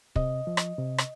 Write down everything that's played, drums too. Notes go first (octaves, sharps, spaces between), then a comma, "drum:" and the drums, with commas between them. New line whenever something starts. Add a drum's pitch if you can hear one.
C3 D#5, drum: kick
F3
drum: rim click
C3
drum: rim click